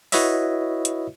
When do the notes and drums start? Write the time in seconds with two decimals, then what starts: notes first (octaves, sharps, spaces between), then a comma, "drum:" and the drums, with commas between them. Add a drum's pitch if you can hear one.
0.12 E4 F#4 B4 C#5 D#5 E5, drum: open hi-hat
0.85 drum: hi-hat